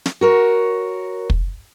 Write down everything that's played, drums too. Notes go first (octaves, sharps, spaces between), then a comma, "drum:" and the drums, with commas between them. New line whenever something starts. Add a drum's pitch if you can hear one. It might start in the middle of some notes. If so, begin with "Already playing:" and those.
drum: snare
F#4 A#4 C#5
drum: kick